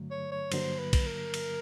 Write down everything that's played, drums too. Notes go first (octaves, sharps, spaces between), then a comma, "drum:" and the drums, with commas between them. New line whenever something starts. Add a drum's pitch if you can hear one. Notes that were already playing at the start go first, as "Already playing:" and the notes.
Already playing: G2 D3 F#3 A3
C#5
C#5
G2 D3 F#3 A#3 C5, drum: cymbal
B4
drum: kick, cymbal
A#4
drum: cymbal